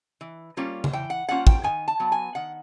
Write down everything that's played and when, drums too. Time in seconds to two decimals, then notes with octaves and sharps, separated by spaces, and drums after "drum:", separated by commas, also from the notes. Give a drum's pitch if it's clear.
0.21 E3
0.57 G3 A#3 C#4 F4
0.84 drum: tom C#3
0.93 E3 G5
1.10 F#5
1.29 G3 A#3 C#4 F4 F#5
1.47 G5, drum: kick
1.64 D#3 G#5
1.88 A5
2.00 F#3 B3
2.12 G#5
2.35 D#3 F#5